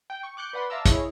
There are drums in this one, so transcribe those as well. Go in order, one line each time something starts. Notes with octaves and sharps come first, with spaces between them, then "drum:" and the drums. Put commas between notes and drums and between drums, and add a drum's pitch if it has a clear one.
G5
C#6
D6 F#6 G6 C#7
B4 D5 F#5 B5 C6
E5 F5 A5 A#5 D6 E6
E4 G#4 C#5 D#5, drum: kick, hi-hat